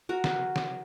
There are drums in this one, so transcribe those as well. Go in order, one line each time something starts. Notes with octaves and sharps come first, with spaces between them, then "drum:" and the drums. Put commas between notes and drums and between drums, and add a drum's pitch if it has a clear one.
F#4 A#4
drum: snare
drum: snare